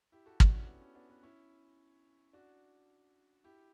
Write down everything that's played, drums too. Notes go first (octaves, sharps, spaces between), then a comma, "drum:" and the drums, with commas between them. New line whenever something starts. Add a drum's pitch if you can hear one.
E4 G4
F#4 A4
D4 F#4, drum: kick
C#4 E4
B3
C#4
B3 D4
B3 D4
C#4 E4
D4 F#4
E4 G4